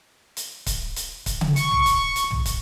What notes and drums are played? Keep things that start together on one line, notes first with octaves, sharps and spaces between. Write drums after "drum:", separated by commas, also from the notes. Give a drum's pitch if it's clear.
drum: hi-hat
drum: kick, hi-hat
drum: hi-hat
drum: kick, hi-hat
drum: tom C#3
C#6, drum: hi-hat
drum: tom
drum: kick, hi-hat
drum: hi-hat
drum: tom
drum: kick, hi-hat